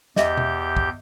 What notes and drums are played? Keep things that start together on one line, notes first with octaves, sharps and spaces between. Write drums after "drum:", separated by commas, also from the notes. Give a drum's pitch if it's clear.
E2 G4 D#5 E5 G6, drum: snare
drum: tom B2
drum: kick